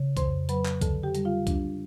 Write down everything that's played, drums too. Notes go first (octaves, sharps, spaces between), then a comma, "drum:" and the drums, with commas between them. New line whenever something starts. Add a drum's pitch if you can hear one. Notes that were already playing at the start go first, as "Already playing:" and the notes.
Already playing: C#3
F2 C5 C6, drum: kick C2, hi-hat
F#3 B4 B5, drum: hi-hat
drum: clap
D3 A4 A5, drum: kick C2, hi-hat
G4 G5
G3, drum: hi-hat
F4 F5
D4, drum: kick C2, hi-hat